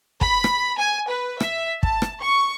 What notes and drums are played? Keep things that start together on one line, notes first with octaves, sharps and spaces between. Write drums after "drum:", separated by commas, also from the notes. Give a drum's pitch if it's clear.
B5, drum: kick
drum: rim click
G#5
B4
E5, drum: rim click
A5, drum: kick
drum: rim click
C#6